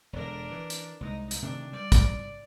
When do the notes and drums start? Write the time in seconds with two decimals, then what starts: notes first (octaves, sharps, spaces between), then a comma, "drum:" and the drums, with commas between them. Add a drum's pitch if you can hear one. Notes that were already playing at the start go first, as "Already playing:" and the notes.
0.13 E1 D3 D4 A#4
0.52 E3
0.70 drum: hi-hat
1.01 C2 G#3 D#4
1.31 drum: hi-hat
1.42 C3 D#3 A3 D4
1.73 G3 D5
1.92 drum: kick, hi-hat